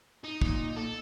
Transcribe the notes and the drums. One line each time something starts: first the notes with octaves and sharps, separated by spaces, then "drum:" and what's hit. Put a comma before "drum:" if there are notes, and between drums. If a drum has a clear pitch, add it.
D#4
A#2, drum: kick
A4